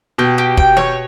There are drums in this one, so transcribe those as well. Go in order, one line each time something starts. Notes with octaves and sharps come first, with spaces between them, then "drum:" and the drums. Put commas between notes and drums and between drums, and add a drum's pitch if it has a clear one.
B2 G4
G4
G5, drum: kick
C#5, drum: snare